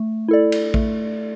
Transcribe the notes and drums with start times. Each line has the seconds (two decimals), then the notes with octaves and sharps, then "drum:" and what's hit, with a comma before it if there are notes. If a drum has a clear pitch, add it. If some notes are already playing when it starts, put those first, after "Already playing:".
Already playing: A3
0.28 E4 A4 D5
0.52 drum: cymbal
0.74 A3, drum: kick